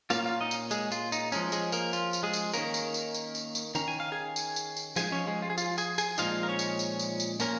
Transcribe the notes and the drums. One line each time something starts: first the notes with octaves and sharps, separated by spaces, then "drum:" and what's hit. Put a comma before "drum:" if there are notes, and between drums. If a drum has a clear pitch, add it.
A#2 A#3 C#4 F4 F5, drum: tambourine
F4 F5
D#4 D#5
drum: tambourine
G#3 G#4, drum: tambourine
F4, drum: tambourine
D#4, drum: tambourine
F3 G#3 C#4 D#4, drum: tambourine
G#3 G#4, drum: tambourine
A#3 A#4, drum: tambourine
F4, drum: tambourine
drum: tambourine
G#3 G#4
drum: tambourine
D#3 A#3 C#4 A#4, drum: tambourine
drum: tambourine
drum: tambourine
drum: tambourine
drum: tambourine
drum: tambourine
D#3 C#4 A#5, drum: tambourine
G#5
F5
G#4 G#5
drum: tambourine
drum: tambourine
drum: tambourine
F3 G#3 D#4 G#4 G#5, drum: tambourine
C#4 C#5
G#3 G#4
F4
G#4
F4, drum: tambourine
G#4 G#5, drum: tambourine
G#4 G#5, drum: tambourine
A#2 F3 G#3 D#4 F4 F5, drum: tambourine
A#4
C#4 C#5
drum: tambourine
drum: tambourine
drum: tambourine
drum: tambourine
A#2 F3 A#3 C#4 A#4, drum: tambourine